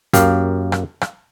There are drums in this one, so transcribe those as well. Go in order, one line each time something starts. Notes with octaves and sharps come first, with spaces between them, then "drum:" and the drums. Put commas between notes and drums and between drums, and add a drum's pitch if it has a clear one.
F#2 A#3 G4 F5, drum: kick, hi-hat
drum: rim click
drum: rim click